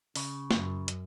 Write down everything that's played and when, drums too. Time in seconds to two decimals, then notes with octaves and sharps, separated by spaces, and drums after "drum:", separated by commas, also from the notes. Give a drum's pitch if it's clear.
0.15 C#3, drum: open hi-hat
0.51 F#2, drum: snare
0.88 drum: hi-hat